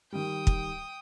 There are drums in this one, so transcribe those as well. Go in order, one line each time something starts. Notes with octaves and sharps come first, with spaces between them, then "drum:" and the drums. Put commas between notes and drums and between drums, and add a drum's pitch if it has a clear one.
D#3 G3 G5 D#6
drum: kick